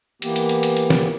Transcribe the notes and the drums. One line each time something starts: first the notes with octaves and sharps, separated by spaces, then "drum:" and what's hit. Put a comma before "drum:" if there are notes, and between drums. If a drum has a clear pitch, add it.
E3 A#3 B3 G4, drum: hi-hat
drum: hi-hat
drum: hi-hat
drum: hi-hat
drum: hi-hat
drum: snare